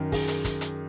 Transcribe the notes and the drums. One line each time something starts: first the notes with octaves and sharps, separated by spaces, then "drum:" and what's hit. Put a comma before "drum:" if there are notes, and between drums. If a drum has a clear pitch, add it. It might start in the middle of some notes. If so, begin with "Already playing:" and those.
Already playing: F#2 D#3
G#4, drum: kick, open hi-hat
drum: hi-hat
drum: kick, hi-hat
drum: hi-hat